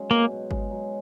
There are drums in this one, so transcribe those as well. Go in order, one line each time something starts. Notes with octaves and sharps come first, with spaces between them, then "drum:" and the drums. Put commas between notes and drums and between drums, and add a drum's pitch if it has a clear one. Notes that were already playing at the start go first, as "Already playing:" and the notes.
Already playing: F#3 G#3 C#4
B2 A#3
B2
G#3, drum: kick G1
F#3